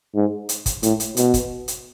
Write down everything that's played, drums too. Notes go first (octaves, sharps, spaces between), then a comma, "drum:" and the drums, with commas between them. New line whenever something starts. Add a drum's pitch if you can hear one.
G#2
drum: hi-hat
drum: kick, hi-hat
A2, drum: hi-hat
drum: hi-hat
B2, drum: hi-hat
drum: kick, hi-hat
drum: hi-hat